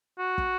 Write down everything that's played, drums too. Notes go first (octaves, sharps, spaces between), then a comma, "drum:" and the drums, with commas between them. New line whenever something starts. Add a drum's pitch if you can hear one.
F#4
drum: kick